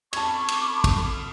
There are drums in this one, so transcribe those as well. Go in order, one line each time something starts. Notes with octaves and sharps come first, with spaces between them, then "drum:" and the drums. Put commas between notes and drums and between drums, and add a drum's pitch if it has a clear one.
A5 B5 C#6 D6 G#6, drum: cymbal
drum: cymbal
drum: kick, cymbal